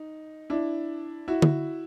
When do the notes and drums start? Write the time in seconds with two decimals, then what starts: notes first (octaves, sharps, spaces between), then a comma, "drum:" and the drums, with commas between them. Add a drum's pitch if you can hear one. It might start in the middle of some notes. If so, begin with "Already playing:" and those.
Already playing: D#4
0.50 D4 E4
1.28 E4 F#4
1.42 drum: tom